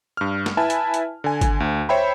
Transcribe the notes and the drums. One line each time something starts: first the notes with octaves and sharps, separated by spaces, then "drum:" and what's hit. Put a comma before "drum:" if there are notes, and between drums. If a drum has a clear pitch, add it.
G2 F6
drum: snare
E4 B4 E5 G#5 A5
drum: hi-hat
drum: hi-hat
D3 G#5
drum: kick G#1, hi-hat
D2
C5 C#5 E5 G5 B5